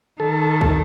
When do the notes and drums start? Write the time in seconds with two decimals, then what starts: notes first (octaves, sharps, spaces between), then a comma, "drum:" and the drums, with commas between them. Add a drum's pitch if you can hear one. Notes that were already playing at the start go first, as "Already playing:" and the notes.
0.20 D#3 A4
0.61 drum: kick